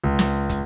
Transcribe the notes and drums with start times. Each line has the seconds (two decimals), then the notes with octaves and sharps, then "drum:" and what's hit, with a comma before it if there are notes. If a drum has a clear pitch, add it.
0.04 C#2
0.19 drum: snare
0.49 drum: kick, hi-hat